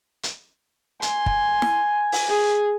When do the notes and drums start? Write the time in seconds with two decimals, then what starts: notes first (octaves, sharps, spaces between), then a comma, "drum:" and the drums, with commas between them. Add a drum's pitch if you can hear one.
0.23 drum: hi-hat
1.02 G#5 C6, drum: hi-hat
1.26 drum: kick
1.62 drum: snare
2.12 drum: open hi-hat
2.29 G#4